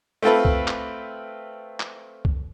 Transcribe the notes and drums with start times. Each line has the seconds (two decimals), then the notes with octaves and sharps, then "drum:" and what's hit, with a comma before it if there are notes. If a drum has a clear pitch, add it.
0.22 A3 C4 F4 A4 B4
0.45 drum: kick C2
0.67 drum: clap
1.80 drum: clap
2.25 drum: kick C2